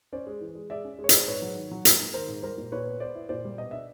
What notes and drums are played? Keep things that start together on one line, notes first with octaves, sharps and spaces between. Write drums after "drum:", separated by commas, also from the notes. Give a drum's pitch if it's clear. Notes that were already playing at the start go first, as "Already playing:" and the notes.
C#4 C5 D5
G#3
E3
G#3
G#3 D5 E5
C#4
G#3
C#5
G#3 C5 D5, drum: hi-hat
G#2 B4 C#5
F#3
D#3
F#3
A#3, drum: hi-hat
G#2
D#3 A#4 C5
G#2
G3 A#4 C5
A#2
A#2 B4 C#5
B3
B3 C5 D5
E4
A#2 C5 D5
G3
B2 D#5
D4 E5